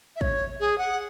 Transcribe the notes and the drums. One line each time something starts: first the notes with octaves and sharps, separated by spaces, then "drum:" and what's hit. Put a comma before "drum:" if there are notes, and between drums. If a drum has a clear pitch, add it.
E5
C#5, drum: kick
G#4
F#5